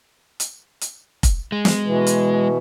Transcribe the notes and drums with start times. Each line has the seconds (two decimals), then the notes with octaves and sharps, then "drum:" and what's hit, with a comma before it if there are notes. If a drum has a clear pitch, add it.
0.40 drum: hi-hat
0.81 drum: hi-hat
1.23 drum: kick F1, hi-hat
1.52 G#3
1.65 drum: snare
1.86 B2 E3
2.07 drum: hi-hat